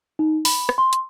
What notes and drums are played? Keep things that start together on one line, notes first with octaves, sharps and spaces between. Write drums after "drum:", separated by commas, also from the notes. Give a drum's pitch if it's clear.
D#4
B5, drum: open hi-hat
drum: rim click
C6
drum: hi-hat